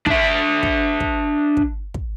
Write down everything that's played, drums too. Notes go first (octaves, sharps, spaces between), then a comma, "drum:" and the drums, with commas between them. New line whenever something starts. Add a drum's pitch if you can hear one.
D4 E5, drum: kick
drum: kick
drum: kick
drum: kick
drum: kick